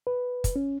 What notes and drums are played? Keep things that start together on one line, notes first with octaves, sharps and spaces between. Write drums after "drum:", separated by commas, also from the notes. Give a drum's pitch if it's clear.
B4
drum: kick, hi-hat
C#4